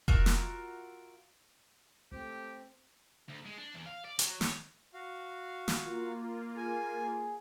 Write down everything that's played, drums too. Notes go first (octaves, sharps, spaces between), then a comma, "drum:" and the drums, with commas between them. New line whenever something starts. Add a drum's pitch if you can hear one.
F4 F#4 A#4 E5, drum: kick F1
drum: snare
C#2 A3 C4 G4
D2
G#3
D4
E2
F5
D5
F#3, drum: hi-hat
C#5, drum: snare
F#4 F5
drum: snare
A#3 F4
G#4 G#5